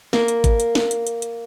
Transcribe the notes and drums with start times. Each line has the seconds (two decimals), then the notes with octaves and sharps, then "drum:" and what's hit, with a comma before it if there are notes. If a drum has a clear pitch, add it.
0.13 A#3, drum: snare
0.28 drum: hi-hat
0.44 drum: kick G#1, hi-hat
0.60 drum: hi-hat
0.75 drum: snare
0.91 drum: hi-hat
1.07 drum: hi-hat
1.22 drum: hi-hat